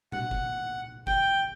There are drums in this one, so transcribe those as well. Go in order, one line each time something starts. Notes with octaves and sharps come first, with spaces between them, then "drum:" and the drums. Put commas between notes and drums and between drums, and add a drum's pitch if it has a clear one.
F#5, drum: tom A#2
drum: kick
G5, drum: kick